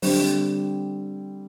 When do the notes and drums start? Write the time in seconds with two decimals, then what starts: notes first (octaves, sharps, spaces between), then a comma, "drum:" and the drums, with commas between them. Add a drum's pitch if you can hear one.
0.02 D3 G3 C4, drum: open hi-hat